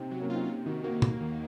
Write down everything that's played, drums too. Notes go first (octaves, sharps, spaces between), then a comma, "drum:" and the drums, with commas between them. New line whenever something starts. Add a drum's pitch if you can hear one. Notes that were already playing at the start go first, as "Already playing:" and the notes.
Already playing: C3 C4 D#4
F#3
A#3 C#4
C4 D#4 F4
C3
D#3 D#4 F#4
A#3 D#4 F#4
D#2, drum: tom B2
D#3